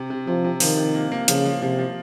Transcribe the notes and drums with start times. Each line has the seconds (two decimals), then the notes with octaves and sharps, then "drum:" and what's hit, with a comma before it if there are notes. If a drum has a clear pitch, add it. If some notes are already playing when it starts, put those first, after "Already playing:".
Already playing: C3
0.10 C3
0.27 C3 F3
0.44 C3
0.60 D#3 F3, drum: open hi-hat
0.78 C3
0.95 A#3
1.12 A#3
1.28 C#3 F3, drum: hi-hat
1.45 F3
1.61 C3 F3
1.79 F3